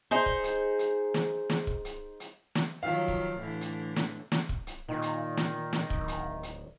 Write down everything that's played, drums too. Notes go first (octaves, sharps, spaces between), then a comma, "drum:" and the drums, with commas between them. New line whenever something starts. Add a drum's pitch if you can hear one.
D#4 G#4 C5
drum: kick
drum: hi-hat
drum: hi-hat
drum: snare
drum: snare
drum: kick
drum: hi-hat
drum: hi-hat
drum: snare
D#3 F3 F#3 F5
drum: kick
A2 D3 E3
drum: hi-hat
drum: snare
drum: snare
drum: kick
drum: hi-hat
A#2 D#3
drum: hi-hat
drum: snare
drum: snare
D1, drum: kick
drum: hi-hat
drum: hi-hat